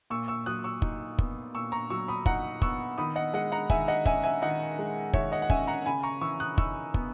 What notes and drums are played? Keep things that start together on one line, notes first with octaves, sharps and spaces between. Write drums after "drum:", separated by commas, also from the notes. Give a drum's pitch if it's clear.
A#2 C#6 E6
C#6 E6
F#3 D#6 F#6
C#6 E6
D#4, drum: kick
B3, drum: kick
A#2 C#6 E6
A#5 C#6
F#3 C#6 E6
B5 D#6
D#4 F#5 A#5, drum: kick
B3 C#6 E6, drum: kick
D#3 B5 D#6
D#5 F#5
G#3 D#5 F#5
F#5 A#5
D#3 E5 G#5, drum: kick
D#5 F#5
C#4 E5 G#5, drum: kick
E5 G#5
D#3 D#5 F#5
G#3
D#3 C#5 E5, drum: kick
D#5 F#5
F#5
C#4 E5 G#5, drum: kick
F#5 A#5
C#3 G#5 B5
A#5 C#6
E3 C#6 E6
D#6 F#6
D#4 C#6 E6, drum: kick
B3, drum: kick